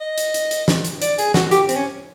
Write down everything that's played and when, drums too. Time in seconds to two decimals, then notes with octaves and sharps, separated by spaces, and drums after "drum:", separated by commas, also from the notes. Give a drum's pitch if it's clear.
0.01 D#5
0.18 drum: hi-hat
0.34 drum: hi-hat
0.51 drum: hi-hat
0.68 drum: snare
0.85 drum: hi-hat
1.02 D5, drum: hi-hat
1.19 G#4, drum: hi-hat
1.34 F#4, drum: snare
1.51 G4, drum: hi-hat
1.69 C4, drum: hi-hat
1.76 C#4